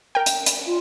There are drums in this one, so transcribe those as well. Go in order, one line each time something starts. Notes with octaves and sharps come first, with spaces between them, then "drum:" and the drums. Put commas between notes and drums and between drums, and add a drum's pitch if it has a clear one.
A#4 G5
drum: hi-hat
drum: hi-hat
F4